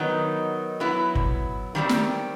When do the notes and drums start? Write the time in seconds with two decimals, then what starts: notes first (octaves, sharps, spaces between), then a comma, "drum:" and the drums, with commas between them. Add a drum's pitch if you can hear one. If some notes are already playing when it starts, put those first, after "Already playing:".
Already playing: D#3 F#3 B3 D#4
0.80 F#3 B3 E4
1.15 drum: kick
1.75 D#3 G3 C4
1.89 drum: snare